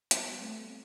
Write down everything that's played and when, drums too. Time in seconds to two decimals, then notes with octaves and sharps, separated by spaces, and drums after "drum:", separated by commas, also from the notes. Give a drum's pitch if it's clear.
0.11 G3 B3, drum: hi-hat
0.33 B3
0.41 A3 C4